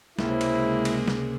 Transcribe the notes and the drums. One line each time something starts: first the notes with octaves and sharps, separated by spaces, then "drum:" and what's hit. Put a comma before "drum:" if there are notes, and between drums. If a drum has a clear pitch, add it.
C#2 C3 G#3 A#3 E4, drum: snare
drum: cymbal
drum: cymbal
drum: snare